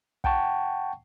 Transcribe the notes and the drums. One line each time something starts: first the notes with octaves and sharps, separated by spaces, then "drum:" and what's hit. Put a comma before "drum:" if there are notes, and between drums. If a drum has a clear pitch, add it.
F#5 G5 A5 C#6, drum: kick